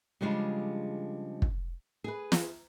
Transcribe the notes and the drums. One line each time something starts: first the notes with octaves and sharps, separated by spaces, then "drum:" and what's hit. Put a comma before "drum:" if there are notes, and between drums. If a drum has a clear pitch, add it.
C#3 F3 G3 G#3 D4 F4
drum: kick
G#4 B4
drum: snare